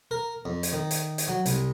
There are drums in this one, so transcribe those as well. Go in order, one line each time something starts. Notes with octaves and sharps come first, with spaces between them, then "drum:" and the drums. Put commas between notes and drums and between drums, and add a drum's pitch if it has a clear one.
A#4
F2
drum: hi-hat
D#3
drum: hi-hat
drum: hi-hat
F#3
C2, drum: hi-hat